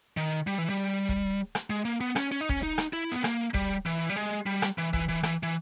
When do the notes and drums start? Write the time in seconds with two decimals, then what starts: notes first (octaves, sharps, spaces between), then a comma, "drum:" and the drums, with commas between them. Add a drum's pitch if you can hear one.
0.17 D#3
0.47 G3
0.58 E3
0.69 G3
1.09 drum: kick
1.55 drum: rim click
1.70 G#3
1.85 A#3
2.01 B3
2.16 C#4, drum: rim click
2.32 C#4
2.41 D#4
2.49 C#4, drum: kick
2.63 D#4
2.78 drum: rim click
2.93 E4
3.12 B3
3.24 A#3, drum: rim click
3.54 G3, drum: kick
3.86 E3
4.10 G3
4.16 G#3
4.46 G3
4.62 drum: rim click
4.78 E3
4.93 E3, drum: kick
5.09 E3
5.23 E3, drum: rim click
5.43 E3